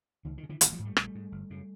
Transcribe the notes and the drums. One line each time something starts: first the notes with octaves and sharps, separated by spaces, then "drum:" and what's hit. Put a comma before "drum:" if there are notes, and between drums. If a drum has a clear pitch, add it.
C#2 D#3
D#3
C#3
D3 E3
A1 D#3 F3, drum: hi-hat
F3 G3
G#2
G3 A3
A#1 G3 A3, drum: rim click
G#2
G1
F#2 C#3